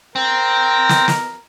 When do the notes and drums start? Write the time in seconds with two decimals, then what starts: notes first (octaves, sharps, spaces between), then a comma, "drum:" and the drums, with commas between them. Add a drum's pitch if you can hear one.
0.16 C4 A#4
0.89 drum: snare
1.08 drum: snare